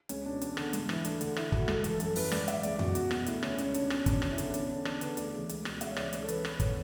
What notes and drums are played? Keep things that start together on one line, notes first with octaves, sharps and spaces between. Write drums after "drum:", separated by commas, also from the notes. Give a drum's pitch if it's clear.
C#2 C#4, drum: hi-hat
B2 D4
E2, drum: hi-hat
D3, drum: rim click
G#2, drum: hi-hat
E3 E4, drum: rim click
D2 D4, drum: hi-hat
D3, drum: hi-hat
D2 E4, drum: rim click
D3 F#4, drum: kick
G#2 A4, drum: rim click
E3 A4, drum: hi-hat
F#2 A4, drum: hi-hat
E3 B4, drum: open hi-hat
G#2 D5, drum: rim click
E3 E5, drum: hi-hat
C#2 D5, drum: hi-hat
B2 F#4, drum: tom F2
E2 F#4, drum: hi-hat
B2 F#4, drum: rim click
D2 E4, drum: hi-hat
D3 C#4, drum: rim click
C#2 C#4, drum: hi-hat
B2 D4, drum: hi-hat
E2 C#4, drum: rim click
B2 D4, drum: kick, hi-hat
E2 C#4, drum: rim click
E4
D3 D4, drum: hi-hat
D4
E2 C#4, drum: hi-hat
D3 D4
E2 D4, drum: rim click
D3 B4, drum: hi-hat
D2 D5, drum: hi-hat
C#3 E3
C#2, drum: hi-hat
B2, drum: rim click
C#2 E5, drum: hi-hat
C#5
C#3 E3 D5, drum: rim click
C#2 C#5, drum: hi-hat
A4
C#3 E3 B4, drum: hi-hat
E2 B4, drum: rim click
D3 C#5, drum: kick, hi-hat